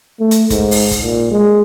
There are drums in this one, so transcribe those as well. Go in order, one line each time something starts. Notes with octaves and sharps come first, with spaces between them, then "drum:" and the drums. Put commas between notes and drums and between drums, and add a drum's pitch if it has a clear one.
A3
drum: hi-hat
G#2, drum: kick, hi-hat
drum: open hi-hat
drum: kick, hi-hat
A#2
G#3